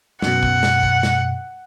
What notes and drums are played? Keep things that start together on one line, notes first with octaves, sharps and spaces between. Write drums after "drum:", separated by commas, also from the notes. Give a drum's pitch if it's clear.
F#2 B2 F#5, drum: snare
drum: kick
drum: snare
drum: kick
drum: snare